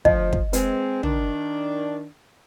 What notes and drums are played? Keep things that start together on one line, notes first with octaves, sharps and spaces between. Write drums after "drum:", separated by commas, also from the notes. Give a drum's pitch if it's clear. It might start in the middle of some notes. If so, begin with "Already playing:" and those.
D2 F3 D#5, drum: kick
drum: kick
G#3 C4 B4, drum: hi-hat
D#3 D4, drum: tom